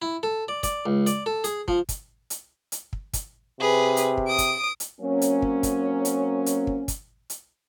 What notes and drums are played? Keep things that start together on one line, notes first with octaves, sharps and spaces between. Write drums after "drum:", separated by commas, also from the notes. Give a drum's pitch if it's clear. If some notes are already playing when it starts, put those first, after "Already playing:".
E4
A4
D5
D5, drum: kick, hi-hat
C#2
D5, drum: hi-hat
A4
G#4, drum: hi-hat
F3, drum: kick
drum: kick, hi-hat
drum: hi-hat
drum: hi-hat
drum: kick
drum: kick, hi-hat
C3 G#4 B4
drum: hi-hat
drum: kick
D#6 D7
drum: kick, hi-hat
drum: hi-hat
F#3 A#3 C4 C#4
drum: hi-hat
drum: kick
drum: kick, hi-hat
drum: hi-hat
drum: hi-hat
drum: kick
drum: kick, hi-hat
drum: hi-hat